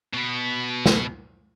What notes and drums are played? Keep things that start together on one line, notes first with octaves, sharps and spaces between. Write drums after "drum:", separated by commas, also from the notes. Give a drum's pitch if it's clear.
B2 B3
drum: snare